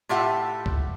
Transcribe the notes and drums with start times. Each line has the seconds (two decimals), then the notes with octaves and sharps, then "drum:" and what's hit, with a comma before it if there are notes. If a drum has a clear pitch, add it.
0.09 A2 F4 G4 E5 F#5
0.66 drum: kick C#2